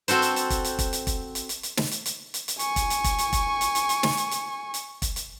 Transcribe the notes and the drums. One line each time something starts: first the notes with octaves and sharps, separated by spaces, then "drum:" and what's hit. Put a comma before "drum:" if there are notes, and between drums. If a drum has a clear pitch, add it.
C4 F#4 A4 C5, drum: hi-hat
drum: hi-hat
drum: hi-hat
drum: kick, hi-hat
drum: hi-hat
drum: kick, hi-hat
drum: hi-hat
drum: kick, hi-hat
drum: hi-hat
drum: hi-hat
drum: hi-hat
drum: snare
drum: hi-hat
drum: hi-hat
drum: hi-hat
drum: hi-hat
G#5 C#6, drum: hi-hat
drum: kick, hi-hat
drum: hi-hat
drum: kick, hi-hat
drum: hi-hat
drum: kick, hi-hat
drum: hi-hat
drum: hi-hat
drum: hi-hat
drum: snare
drum: hi-hat
drum: hi-hat
drum: hi-hat
drum: kick, hi-hat
drum: hi-hat